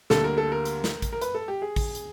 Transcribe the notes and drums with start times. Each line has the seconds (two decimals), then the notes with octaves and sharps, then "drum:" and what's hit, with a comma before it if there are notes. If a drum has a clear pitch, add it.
0.10 D2 D3 G3 A#3 A4, drum: snare
0.24 A#4
0.38 A4
0.52 A#4
0.65 drum: hi-hat
0.84 drum: snare
1.02 drum: kick A1, hi-hat
1.13 A#4
1.21 B4, drum: hi-hat
1.34 A4
1.48 G4
1.62 G#4
1.76 drum: kick A1, open hi-hat
1.95 drum: hi-hat